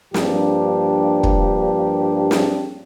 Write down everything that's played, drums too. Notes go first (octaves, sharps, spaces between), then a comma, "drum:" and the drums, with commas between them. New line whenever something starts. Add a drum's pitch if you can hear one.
G2 F3 A#3 D4 G4, drum: snare
drum: kick
drum: snare